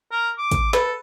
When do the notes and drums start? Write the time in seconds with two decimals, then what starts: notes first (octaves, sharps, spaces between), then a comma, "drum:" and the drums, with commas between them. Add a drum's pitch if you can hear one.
0.12 A#4
0.38 D6
0.52 drum: kick, hi-hat
0.73 A4 B4, drum: snare